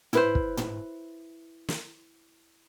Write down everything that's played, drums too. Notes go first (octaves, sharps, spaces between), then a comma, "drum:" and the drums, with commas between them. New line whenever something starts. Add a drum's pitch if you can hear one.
E4 B4 C5, drum: tom
drum: kick
drum: tom
drum: snare